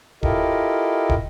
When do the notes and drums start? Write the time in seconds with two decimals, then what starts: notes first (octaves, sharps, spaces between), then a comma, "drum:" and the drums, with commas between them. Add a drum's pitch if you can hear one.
0.23 E4 F4 G4 A4 A#4 D#5, drum: kick
1.09 drum: kick